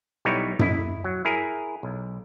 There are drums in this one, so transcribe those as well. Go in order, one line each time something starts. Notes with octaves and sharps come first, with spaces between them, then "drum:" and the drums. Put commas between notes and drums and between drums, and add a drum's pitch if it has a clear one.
B1 G3 B3 D#4 E4 C#5
E4 D#5, drum: tom F#2
F#3
E4 G#4 A#4
B1